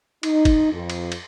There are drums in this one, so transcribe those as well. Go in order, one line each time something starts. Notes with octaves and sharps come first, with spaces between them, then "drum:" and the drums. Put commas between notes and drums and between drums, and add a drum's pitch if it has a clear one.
D#4, drum: cymbal
drum: kick, cymbal
F2
drum: cymbal
drum: cymbal